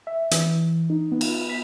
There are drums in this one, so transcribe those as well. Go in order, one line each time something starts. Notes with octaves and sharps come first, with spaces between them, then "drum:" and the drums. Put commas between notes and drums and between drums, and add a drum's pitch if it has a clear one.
E5
E3, drum: hi-hat
D#4
B3
drum: cymbal
B6